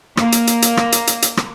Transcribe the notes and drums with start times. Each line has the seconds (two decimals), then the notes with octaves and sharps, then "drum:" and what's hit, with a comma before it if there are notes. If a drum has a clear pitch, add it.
0.17 A#3, drum: rim click
0.32 drum: hi-hat
0.47 drum: hi-hat
0.62 drum: hi-hat
0.77 drum: rim click
0.92 drum: hi-hat
1.07 drum: hi-hat
1.22 drum: hi-hat
1.37 drum: rim click